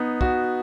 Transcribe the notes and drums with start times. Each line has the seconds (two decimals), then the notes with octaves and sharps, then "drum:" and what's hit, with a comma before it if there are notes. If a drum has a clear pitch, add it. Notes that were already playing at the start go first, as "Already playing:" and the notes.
Already playing: B3 D#4
0.21 F#4, drum: kick